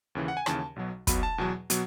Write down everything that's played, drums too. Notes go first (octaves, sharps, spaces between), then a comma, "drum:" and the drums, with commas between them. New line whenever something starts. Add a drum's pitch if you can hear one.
D#2 C#3 E3
F#5
G#5
D#2 C#3 E3 A5, drum: rim click
B1 B2 F#3
B1 B2 F#3 B5, drum: kick, hi-hat
A5
E2 B2 F#3
B2 F#3, drum: hi-hat